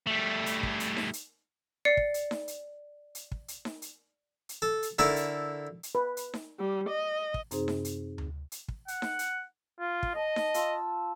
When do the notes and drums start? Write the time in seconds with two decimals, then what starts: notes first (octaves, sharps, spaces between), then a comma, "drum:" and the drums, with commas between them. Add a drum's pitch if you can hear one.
0.07 G3 A3
0.46 drum: hi-hat
0.63 drum: kick
0.80 drum: hi-hat
0.97 drum: snare D#4
1.13 drum: hi-hat
1.85 D5 C7 C#7
1.97 drum: kick
2.14 drum: hi-hat
2.31 drum: snare D#4
2.48 drum: hi-hat
3.15 drum: hi-hat
3.32 drum: kick
3.48 drum: hi-hat
3.65 drum: snare D#4
3.82 drum: hi-hat
4.49 drum: hi-hat
4.62 A4
4.83 drum: hi-hat
4.99 D3 E4 A4 A#4 C#6, drum: snare D#4
5.16 drum: hi-hat
5.83 drum: hi-hat
5.95 B4
6.17 drum: hi-hat
6.34 drum: snare D#4
6.59 G3
6.89 D#5
7.34 drum: kick
7.51 F#2 C3 C4 D#4 G#4 C5, drum: hi-hat
7.68 drum: snare D#4
7.85 drum: hi-hat
8.18 drum: tom D2
8.52 drum: hi-hat
8.68 drum: kick
8.88 F#5, drum: hi-hat
9.02 drum: snare D#4
9.19 drum: hi-hat
9.80 F4
10.03 drum: kick
10.15 D#5 A5 D#6
10.36 drum: snare D#4
10.54 F4 A5 E6, drum: hi-hat